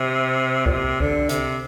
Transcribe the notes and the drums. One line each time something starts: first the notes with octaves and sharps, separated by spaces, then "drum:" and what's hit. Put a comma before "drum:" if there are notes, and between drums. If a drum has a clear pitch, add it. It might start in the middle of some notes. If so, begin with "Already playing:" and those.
Already playing: C3
A#2, drum: kick C2
C3
D3, drum: kick C2
C3, drum: hi-hat